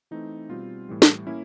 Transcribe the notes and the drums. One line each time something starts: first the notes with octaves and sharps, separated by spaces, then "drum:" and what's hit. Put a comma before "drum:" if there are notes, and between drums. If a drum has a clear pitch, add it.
E3 A3 C4 D#4
B2 G3 C4 F4
A2 E3 G3
drum: snare
A#3 C#4 E4